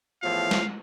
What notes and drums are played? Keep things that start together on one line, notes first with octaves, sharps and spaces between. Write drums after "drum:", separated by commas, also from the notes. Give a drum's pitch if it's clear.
E2 A2 F3 F5
drum: snare